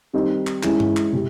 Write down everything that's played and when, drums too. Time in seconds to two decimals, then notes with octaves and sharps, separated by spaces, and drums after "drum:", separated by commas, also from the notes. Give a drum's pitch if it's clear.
0.13 D#3 G3 C4 D#4
0.47 drum: clap
0.63 E3 G#3 C#4 E4, drum: clap
0.80 drum: tom G2
0.97 drum: clap
1.13 C3